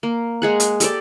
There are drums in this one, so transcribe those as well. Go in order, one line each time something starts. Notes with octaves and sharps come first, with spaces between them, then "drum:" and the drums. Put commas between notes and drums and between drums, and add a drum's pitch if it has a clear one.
A#3
G#3 G#4 F#5
drum: hi-hat
G4 A4 D5, drum: hi-hat